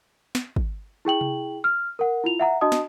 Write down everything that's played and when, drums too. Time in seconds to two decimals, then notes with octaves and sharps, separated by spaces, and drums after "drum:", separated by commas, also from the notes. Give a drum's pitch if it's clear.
0.35 drum: snare
0.56 drum: kick
1.05 E4 G#4 G5 F#7
1.21 drum: tom C3
1.64 F6
1.99 A#4 F#5
2.24 E4 F4 F7
2.39 E5 F#5 A#5
2.61 D4 F#4 D#5 A5 D#6
2.72 drum: snare